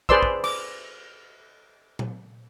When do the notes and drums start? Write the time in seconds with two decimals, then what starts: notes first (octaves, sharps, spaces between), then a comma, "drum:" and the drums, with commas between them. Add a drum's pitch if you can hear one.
0.09 G#4 B4 C5 D5 C6 E6, drum: kick
0.23 drum: kick
0.44 D6, drum: cymbal
1.99 drum: tom A#2